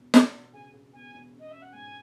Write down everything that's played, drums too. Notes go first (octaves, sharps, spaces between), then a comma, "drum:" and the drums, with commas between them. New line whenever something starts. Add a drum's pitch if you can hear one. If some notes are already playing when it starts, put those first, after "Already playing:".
Already playing: E1 E2
E1, drum: snare
E1
C#3 G#5
C#3
E2 G#5
E1
C#4
D#5
C#4 E5
F#5
G#2 G#5